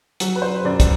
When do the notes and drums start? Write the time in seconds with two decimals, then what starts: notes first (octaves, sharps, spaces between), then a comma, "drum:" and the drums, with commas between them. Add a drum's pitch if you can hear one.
0.20 F#3, drum: hi-hat
0.36 B4
0.42 C5
0.65 F#2 D5
0.80 drum: kick, hi-hat